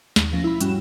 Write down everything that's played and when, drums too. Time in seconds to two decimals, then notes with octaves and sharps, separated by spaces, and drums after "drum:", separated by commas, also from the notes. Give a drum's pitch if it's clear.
0.16 D#2, drum: snare
0.33 B2 F3 C#4 A#6
0.44 E4 B5
0.61 G2 G3 C#4 F#4 E7, drum: hi-hat